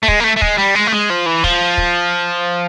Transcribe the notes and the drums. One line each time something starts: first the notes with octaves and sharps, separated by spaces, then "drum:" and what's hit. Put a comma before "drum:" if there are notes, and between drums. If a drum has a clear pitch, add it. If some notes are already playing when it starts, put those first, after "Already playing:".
A3
G#3, drum: kick
A#3
A3
A3
G#3, drum: kick
G3
G#3
A3
G#3
F3
E3
F3, drum: kick
drum: kick